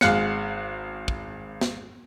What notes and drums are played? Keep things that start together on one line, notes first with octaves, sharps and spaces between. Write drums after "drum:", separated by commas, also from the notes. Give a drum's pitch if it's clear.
G#1 G#3 F5 F#6 C#7, drum: snare
drum: kick
drum: snare